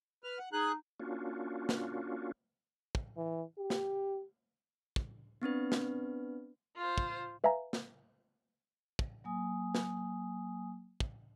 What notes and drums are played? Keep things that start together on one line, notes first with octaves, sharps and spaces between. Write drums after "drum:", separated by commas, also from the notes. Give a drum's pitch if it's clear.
B4 F6
F#5
D#4 G#4 F#6
A#3 C#4 D4 F4 F#4
drum: snare
drum: kick
E3
G4
drum: snare
drum: kick
B3 C4 D4 B4
drum: snare
F4 C5
drum: kick
B4 E5 F5 G#5 A#5
drum: snare
drum: kick
F#3 A#3 G#5 D#6
drum: snare
drum: kick